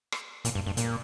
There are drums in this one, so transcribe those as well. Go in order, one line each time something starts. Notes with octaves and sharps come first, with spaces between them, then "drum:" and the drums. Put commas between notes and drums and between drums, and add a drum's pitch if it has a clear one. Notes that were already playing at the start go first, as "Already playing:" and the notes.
drum: rim click
A#2, drum: hi-hat
G2
G2
A#2, drum: hi-hat